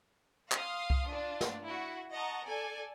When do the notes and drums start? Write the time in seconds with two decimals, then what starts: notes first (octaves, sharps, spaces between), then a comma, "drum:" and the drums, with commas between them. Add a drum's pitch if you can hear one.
0.52 F5 C6 D#6, drum: clap
0.90 drum: kick C2
1.08 D4 F4
1.41 drum: snare
1.64 E4 F#4
2.12 D#5 F#5 A5 A#5 C#6
2.44 A4 D5 G#5